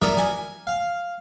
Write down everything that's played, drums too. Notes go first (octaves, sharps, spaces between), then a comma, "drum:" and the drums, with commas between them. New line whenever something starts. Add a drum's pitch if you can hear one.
A#4 D5 E5 A#5 D#6, drum: snare
G#5, drum: snare
F5